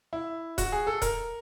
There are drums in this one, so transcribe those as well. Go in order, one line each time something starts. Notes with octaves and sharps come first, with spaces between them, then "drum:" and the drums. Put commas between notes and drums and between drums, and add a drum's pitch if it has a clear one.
E4
F#4, drum: kick D#1, hi-hat
G#4
A4
A#4, drum: kick D#1, hi-hat